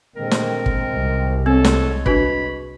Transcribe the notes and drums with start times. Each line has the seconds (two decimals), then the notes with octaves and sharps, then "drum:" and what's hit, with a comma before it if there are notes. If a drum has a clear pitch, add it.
0.16 A#2 D3 D#3 G#3 C4 A#4
0.31 drum: snare
0.66 drum: kick
0.91 C2
1.46 G#3 C4 A4 C#5
1.64 drum: snare
2.06 D4 F#4 B4 B5, drum: kick